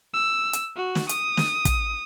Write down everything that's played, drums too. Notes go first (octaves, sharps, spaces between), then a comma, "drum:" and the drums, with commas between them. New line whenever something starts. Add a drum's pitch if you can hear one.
E6
drum: hi-hat
F#4
drum: snare
D#6, drum: hi-hat
drum: snare
drum: kick, hi-hat